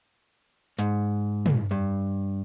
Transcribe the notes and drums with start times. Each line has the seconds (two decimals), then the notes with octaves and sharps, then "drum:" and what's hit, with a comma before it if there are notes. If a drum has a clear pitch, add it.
0.79 G#2, drum: hi-hat
1.46 drum: tom
1.71 G2